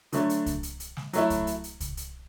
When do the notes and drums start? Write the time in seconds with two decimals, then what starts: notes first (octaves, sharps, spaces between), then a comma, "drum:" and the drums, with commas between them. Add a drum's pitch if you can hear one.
0.12 D3 F#3 A3, drum: hi-hat
0.30 drum: hi-hat
0.46 drum: kick C2, hi-hat
0.63 drum: hi-hat
0.80 drum: hi-hat
0.97 drum: snare
1.13 F#3 A3 E4, drum: hi-hat
1.30 drum: kick C2, hi-hat
1.47 drum: hi-hat
1.64 drum: hi-hat
1.80 drum: kick C2, hi-hat
1.97 drum: hi-hat